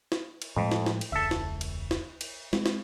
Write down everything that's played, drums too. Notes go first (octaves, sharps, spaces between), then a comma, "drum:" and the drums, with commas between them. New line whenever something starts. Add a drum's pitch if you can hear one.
drum: snare
drum: cymbal
F2 A2 F3 G#3
drum: snare
drum: snare
drum: cymbal
E1 C#2 A4 E5
drum: snare
drum: cymbal
drum: snare
drum: cymbal
G#3 C4, drum: snare
drum: snare